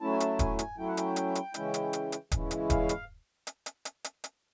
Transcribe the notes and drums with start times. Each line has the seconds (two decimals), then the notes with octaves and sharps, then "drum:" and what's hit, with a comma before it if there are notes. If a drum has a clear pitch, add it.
0.01 F#3 A3 C#4 E4 A5
0.12 G#5
0.20 A5, drum: hi-hat
0.39 G#5, drum: kick D#1, hi-hat
0.59 G#5, drum: hi-hat
0.78 F#3 A3 C#4 E4 G5
0.88 F#5
0.97 G5, drum: hi-hat
1.16 drum: hi-hat
1.35 drum: hi-hat
1.54 C#3 E3 G#3 C#4 E4, drum: hi-hat
1.74 drum: hi-hat
1.93 drum: hi-hat
2.12 drum: hi-hat
2.32 C#3 E3 G#3 C#4 E4, drum: kick D#1, hi-hat
2.51 drum: hi-hat
2.70 F5, drum: kick D#1, hi-hat
2.89 drum: hi-hat
3.47 drum: hi-hat
3.66 drum: hi-hat
3.85 drum: hi-hat
4.04 drum: hi-hat
4.24 drum: hi-hat